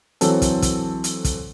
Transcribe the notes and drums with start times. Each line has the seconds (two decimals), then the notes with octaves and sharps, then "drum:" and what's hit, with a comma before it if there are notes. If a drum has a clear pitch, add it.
0.21 E3 F#3 C4 A4, drum: hi-hat
0.42 drum: kick, hi-hat
0.62 drum: kick, hi-hat
1.04 drum: hi-hat
1.24 drum: kick, hi-hat